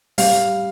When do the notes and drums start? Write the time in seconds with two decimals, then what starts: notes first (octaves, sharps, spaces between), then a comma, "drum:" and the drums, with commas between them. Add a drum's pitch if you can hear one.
0.18 G3 F5, drum: open hi-hat